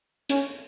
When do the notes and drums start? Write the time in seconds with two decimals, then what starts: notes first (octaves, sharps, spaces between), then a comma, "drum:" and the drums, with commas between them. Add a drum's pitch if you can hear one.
0.30 C#4, drum: hi-hat